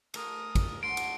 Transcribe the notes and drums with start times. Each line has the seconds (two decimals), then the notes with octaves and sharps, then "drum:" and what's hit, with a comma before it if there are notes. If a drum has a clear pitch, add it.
0.14 A3 A#4 G#5 D#6, drum: cymbal
0.55 drum: kick, cymbal
0.83 D4 F#4 C#5 C6 D7
0.97 drum: cymbal